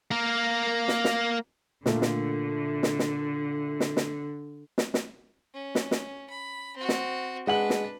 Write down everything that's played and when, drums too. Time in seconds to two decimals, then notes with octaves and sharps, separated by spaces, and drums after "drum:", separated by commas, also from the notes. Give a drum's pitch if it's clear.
0.11 A#3 A#4
0.88 drum: snare
1.04 drum: snare
1.86 A#2 D3 A3 A#3, drum: snare
2.02 drum: snare
2.83 drum: snare
2.99 drum: snare
3.80 drum: snare
3.97 drum: snare
4.78 drum: snare
4.94 drum: snare
5.54 C#4
5.75 drum: snare
5.91 drum: snare
6.30 B5
6.77 C4 F#4
6.89 drum: snare
7.47 G#3 D4 B4 F#5 F#7
7.70 drum: snare